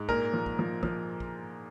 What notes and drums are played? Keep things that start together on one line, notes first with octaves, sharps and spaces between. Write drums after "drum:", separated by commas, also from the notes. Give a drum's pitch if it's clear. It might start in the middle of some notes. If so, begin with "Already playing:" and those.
Already playing: G#2
A#2 A#4, drum: kick
F3
drum: kick
F3
F3, drum: kick
drum: kick